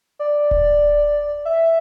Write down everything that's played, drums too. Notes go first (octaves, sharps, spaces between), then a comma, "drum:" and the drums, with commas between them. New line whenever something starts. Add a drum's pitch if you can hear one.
D5
drum: kick D#1
E5